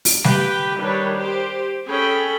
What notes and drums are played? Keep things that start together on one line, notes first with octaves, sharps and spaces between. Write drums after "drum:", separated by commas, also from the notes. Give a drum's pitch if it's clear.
drum: open hi-hat
G4 B4 G5, drum: snare
D#3 G3 D4 B4 C#5
G4 C5
C#4 G#4 A4 G5 B5